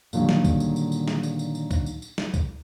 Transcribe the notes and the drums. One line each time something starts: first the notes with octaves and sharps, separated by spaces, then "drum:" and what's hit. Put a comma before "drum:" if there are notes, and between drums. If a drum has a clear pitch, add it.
A#2 D3 D#3 F#3 G3, drum: tambourine
drum: snare
drum: kick, tambourine
drum: tambourine
drum: tambourine
drum: tambourine
drum: snare
drum: tambourine
drum: tambourine
drum: tambourine
drum: kick, tambourine
drum: tambourine
drum: tambourine
drum: snare
drum: kick, tambourine